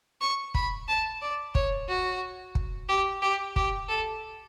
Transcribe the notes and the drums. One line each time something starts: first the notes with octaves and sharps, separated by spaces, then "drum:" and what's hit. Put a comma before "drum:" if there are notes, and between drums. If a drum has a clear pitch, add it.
C#6
B5, drum: kick
A5
D5
C#5, drum: kick
F#4
drum: kick
G4
G4
G4, drum: kick
A4